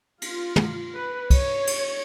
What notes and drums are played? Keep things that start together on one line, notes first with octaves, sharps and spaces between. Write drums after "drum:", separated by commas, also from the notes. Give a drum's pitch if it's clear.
F4, drum: cymbal
drum: tom
B4
C#5, drum: kick, cymbal
drum: cymbal